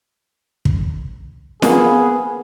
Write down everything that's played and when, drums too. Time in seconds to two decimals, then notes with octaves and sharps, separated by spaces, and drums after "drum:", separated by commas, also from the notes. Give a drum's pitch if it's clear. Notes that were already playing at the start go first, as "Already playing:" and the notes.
0.65 drum: kick
1.62 A#3 B3 G#4, drum: snare